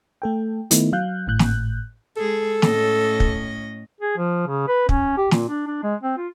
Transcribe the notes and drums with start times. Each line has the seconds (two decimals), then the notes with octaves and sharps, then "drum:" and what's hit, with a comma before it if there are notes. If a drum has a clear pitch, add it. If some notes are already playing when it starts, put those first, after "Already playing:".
0.22 A3 A4 G5
0.71 D#3 A3 B3 D#4 E4, drum: hi-hat
0.93 F#3 F5 F#6 G6
1.27 G#1 A2 F#6 G6
1.39 drum: snare
2.17 G#3 G#4 A4
2.62 A2 C#4 D#5, drum: snare
3.20 drum: kick
4.00 G#4
4.17 F3
4.47 C#3
4.68 B4
4.89 C#4, drum: kick
5.17 G4
5.31 A#2, drum: snare
5.49 D4
5.67 D4
5.83 G#3
6.03 C4
6.17 F4